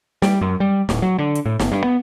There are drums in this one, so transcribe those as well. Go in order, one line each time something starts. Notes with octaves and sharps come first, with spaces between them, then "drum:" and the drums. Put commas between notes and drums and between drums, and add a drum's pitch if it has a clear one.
G3, drum: snare
F#2
G3
D1, drum: snare
F#3
D3
drum: hi-hat
A2
G1, drum: snare
G2
B3